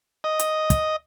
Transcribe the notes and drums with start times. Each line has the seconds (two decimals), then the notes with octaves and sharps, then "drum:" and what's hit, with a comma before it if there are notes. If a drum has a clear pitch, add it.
0.24 D#5
0.39 drum: hi-hat
0.70 drum: kick, hi-hat